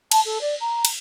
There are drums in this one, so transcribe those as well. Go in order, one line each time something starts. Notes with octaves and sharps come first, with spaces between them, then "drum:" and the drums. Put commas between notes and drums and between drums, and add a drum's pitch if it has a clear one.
A5, drum: cymbal
A4
D5
A#5
drum: cymbal